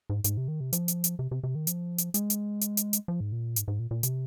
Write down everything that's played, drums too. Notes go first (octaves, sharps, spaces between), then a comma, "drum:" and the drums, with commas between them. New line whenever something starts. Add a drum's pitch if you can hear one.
G#2
G#2, drum: hi-hat
C3
D#3
C3
F3, drum: hi-hat
drum: hi-hat
drum: hi-hat
C3
C3
C3
D#3
F3, drum: hi-hat
drum: hi-hat
G#3, drum: hi-hat
drum: hi-hat
drum: hi-hat
drum: hi-hat
drum: hi-hat
F3
G#2
A#2
G#2, drum: hi-hat
G#2
A#2
A#2
C3, drum: hi-hat